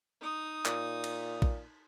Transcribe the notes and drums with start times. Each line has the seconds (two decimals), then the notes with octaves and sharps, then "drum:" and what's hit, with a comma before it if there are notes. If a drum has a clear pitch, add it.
0.21 D#4 D#6
0.66 A#2, drum: clap
1.04 drum: cymbal
1.42 drum: kick A#1